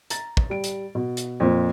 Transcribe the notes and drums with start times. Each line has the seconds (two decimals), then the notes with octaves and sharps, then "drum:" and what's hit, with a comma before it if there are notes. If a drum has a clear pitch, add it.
0.10 A#5 A6, drum: hi-hat
0.37 drum: kick
0.50 G3 D7
0.64 drum: hi-hat
0.95 B2
1.17 drum: hi-hat
1.40 F2 A#2 F3